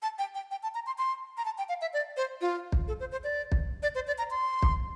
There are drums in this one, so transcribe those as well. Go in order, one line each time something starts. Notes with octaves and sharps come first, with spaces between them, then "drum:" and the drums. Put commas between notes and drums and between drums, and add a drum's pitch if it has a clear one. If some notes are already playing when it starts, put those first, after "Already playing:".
A5
G5
G5
G5
A5
A#5
C6
C6
A#5
A5
G5
F5
E5
D5
C5
F4
drum: kick
A4
C5
C5
D5
drum: kick
D5
C5
D5
A#5
C6
drum: kick